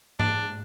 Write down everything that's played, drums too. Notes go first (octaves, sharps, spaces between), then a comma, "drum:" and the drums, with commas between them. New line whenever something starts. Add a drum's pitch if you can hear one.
D4, drum: tom G#2